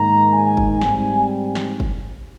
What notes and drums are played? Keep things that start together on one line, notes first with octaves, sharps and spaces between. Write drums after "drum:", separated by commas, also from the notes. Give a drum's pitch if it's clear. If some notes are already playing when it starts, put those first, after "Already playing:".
Already playing: G#2 D#3 A#3 A#5
G#5
drum: kick F#1
G#2 G3 C4 G#5, drum: snare
drum: snare
drum: kick F#1